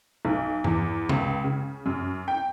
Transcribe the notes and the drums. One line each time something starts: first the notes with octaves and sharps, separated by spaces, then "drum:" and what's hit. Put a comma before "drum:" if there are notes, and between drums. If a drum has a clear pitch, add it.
B1
E2, drum: tom G2
C#2, drum: tom C3
C#3
F#2
G5